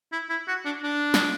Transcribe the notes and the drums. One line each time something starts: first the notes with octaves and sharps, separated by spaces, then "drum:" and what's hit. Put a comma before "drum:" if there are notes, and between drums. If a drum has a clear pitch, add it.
E4
E4
F#4
D4
D4
drum: snare